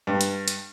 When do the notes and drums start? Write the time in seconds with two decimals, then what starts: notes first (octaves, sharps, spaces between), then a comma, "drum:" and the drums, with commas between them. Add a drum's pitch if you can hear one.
0.07 G2
0.21 drum: hi-hat
0.48 drum: hi-hat